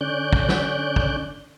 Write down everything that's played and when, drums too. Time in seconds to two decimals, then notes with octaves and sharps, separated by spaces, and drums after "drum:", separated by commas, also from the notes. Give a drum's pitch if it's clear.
0.01 D3 C#4 D5 F#6 G6
0.33 drum: kick
0.49 drum: snare
0.96 drum: kick